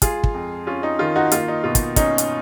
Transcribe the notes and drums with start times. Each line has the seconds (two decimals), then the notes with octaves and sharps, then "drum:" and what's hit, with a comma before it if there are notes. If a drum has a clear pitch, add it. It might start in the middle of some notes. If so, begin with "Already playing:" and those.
0.02 G#3 F4 G#4, drum: kick, hi-hat
0.24 drum: kick
0.34 F2
0.67 C#4 F4
0.83 D#4
0.99 D#3 F4
1.16 D#4 F#4
1.32 A#3 F4, drum: hi-hat
1.48 D#4
1.64 B2 F4
1.75 drum: kick, hi-hat
1.96 C#4 D#4, drum: kick, hi-hat
2.18 drum: hi-hat